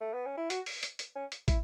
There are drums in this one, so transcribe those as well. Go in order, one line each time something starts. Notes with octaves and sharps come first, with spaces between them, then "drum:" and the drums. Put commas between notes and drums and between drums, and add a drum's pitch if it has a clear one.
A3
B3
C#4
E4
F#4, drum: hi-hat
drum: open hi-hat
drum: hi-hat
drum: hi-hat
C#4
drum: hi-hat
E4, drum: kick, hi-hat